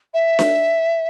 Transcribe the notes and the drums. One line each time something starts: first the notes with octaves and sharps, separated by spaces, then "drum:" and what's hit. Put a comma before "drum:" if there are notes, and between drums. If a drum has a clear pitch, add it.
E5
drum: snare D4